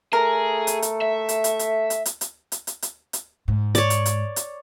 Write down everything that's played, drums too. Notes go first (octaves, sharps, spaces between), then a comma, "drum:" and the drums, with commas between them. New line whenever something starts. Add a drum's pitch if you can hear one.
A3 G#4 A#4
drum: hi-hat
drum: hi-hat
E5
drum: hi-hat
drum: hi-hat
drum: hi-hat
drum: hi-hat
drum: hi-hat
drum: hi-hat
drum: hi-hat
drum: hi-hat
drum: hi-hat
drum: hi-hat
G#2
C#5 D5, drum: hi-hat
drum: hi-hat
drum: hi-hat
drum: hi-hat